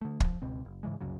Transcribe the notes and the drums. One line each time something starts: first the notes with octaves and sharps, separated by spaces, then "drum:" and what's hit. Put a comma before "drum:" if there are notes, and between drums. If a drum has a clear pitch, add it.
D3 A3
F3, drum: kick
C#2 B2 C4
F#1
G#2 C#3 E3 G#3
C2 F#2 C#3 F#3